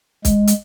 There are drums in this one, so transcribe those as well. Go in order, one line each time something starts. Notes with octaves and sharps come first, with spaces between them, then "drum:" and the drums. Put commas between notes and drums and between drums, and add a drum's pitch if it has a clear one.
G#3, drum: kick, hi-hat
drum: hi-hat